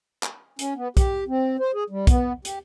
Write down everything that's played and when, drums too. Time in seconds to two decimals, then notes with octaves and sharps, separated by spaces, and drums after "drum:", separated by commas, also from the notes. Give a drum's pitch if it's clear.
0.23 drum: clap
0.59 C#4, drum: hi-hat
0.76 B3
0.97 G4, drum: kick B1, hi-hat
1.28 C4
1.60 C5
1.74 G#4
1.90 G3
2.07 B3, drum: kick B1, hi-hat
2.45 G4, drum: hi-hat